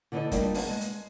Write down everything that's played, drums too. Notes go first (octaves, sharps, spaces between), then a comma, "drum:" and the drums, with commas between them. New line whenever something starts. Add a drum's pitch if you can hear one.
D3 E3 B3 D#4 A4 D#5
G3 A3 A#3 D4 D#4 F4, drum: kick, hi-hat
C#3 A#3 B3 G#4 A5, drum: open hi-hat
G#3
drum: hi-hat